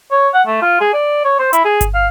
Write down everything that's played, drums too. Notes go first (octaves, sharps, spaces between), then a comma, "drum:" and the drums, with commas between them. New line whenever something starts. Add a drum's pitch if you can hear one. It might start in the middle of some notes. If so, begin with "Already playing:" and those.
C#5
F#5
A3
F4
G#4
D5
C#5
C5
E4, drum: hi-hat
G#4
drum: kick G1, hi-hat
F5